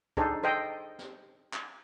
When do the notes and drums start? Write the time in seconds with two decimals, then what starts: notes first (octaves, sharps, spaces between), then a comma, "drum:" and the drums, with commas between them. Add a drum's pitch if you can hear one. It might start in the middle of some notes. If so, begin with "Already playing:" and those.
0.17 D4 D#4 G#4 A4 C5, drum: kick
0.43 A4 C5 D#5 G5
0.99 drum: snare
1.53 drum: clap